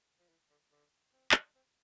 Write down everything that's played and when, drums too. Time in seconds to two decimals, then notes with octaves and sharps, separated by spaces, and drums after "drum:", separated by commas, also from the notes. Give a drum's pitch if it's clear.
0.19 F3
0.29 E3
0.50 D3
0.71 D3
1.13 C4
1.32 drum: clap
1.55 C4